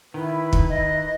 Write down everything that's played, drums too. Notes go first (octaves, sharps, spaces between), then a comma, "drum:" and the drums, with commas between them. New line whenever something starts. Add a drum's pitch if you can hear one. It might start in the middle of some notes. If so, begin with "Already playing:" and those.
D#3 E4 B4
drum: kick
D#5